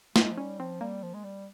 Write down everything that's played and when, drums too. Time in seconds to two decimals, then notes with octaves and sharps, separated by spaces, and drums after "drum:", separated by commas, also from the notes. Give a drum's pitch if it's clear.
0.16 G#3 D#4, drum: snare
0.32 F3
0.37 G3 C#4
0.59 F3 C4
0.81 G3 A#3
1.03 F3
1.14 G#3
1.24 G3